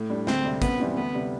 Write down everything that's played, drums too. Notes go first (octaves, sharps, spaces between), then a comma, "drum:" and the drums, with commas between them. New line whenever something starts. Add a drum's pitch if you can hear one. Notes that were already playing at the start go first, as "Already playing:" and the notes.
Already playing: A2
G3 D4
D2 C4, drum: snare
C3 G3
F#2 B3, drum: kick, hi-hat
E3 G3 C4 E4
D2 B3
C3 G3